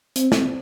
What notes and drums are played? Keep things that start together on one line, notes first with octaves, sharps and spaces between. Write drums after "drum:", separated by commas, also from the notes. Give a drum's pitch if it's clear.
C4, drum: hi-hat
drum: snare